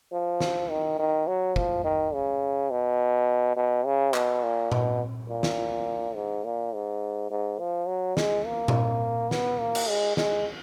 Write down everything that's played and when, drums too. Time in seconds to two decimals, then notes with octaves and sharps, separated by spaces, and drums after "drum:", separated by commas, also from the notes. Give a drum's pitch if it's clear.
0.12 F3
0.40 drum: snare
0.70 D#3
0.99 D#3
1.27 F#3
1.56 F3, drum: kick
1.84 D#3
2.14 C#3
2.70 B2
3.56 B2
3.86 C#3
4.14 B2, drum: clap
4.43 A#2
4.72 B2, drum: tom A#2
5.29 A#2
5.43 drum: snare
6.15 G#2
6.44 A#2
6.73 G#2
7.30 G#2
7.59 F3
7.88 F#3
8.17 G#3, drum: snare
8.46 A#3
8.68 drum: tom A#2
9.31 B3, drum: snare
9.60 A#3
9.75 drum: cymbal
9.89 G#3
10.17 G#3, drum: snare